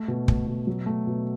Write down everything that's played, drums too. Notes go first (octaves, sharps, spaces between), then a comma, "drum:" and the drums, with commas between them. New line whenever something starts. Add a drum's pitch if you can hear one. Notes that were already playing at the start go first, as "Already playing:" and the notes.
Already playing: A3
B2
A3, drum: kick
B2
F#3
A3
B2